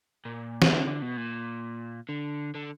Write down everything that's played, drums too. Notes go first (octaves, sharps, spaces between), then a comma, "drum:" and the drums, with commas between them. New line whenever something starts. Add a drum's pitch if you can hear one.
A#2
drum: snare
D3
D3
B2
A#2
D3
D3